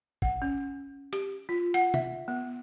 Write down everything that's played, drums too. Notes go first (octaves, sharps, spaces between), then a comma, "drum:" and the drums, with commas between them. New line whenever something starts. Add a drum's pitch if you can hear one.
F#5, drum: kick
C#4
G4, drum: hi-hat
F4
F#5, drum: hi-hat
E5, drum: tom
B3